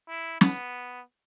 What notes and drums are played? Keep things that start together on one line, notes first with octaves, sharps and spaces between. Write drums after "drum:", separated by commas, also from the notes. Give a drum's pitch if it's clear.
E4
B3, drum: snare